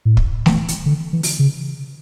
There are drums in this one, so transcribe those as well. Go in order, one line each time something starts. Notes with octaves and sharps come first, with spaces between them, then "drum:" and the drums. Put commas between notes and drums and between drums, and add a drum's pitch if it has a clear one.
A2
drum: kick
E3, drum: snare A3
drum: hi-hat
D3
E3
drum: open hi-hat
C#3